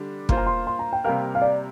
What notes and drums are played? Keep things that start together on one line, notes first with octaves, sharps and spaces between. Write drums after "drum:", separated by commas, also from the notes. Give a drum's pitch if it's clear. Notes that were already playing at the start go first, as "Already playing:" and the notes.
Already playing: D3 G3 D4
A#3 F4 C5 C6, drum: kick
A#5
C6
C6
A#5
G5
C3 G3 A#3 G4 A#4 F5
F5
D5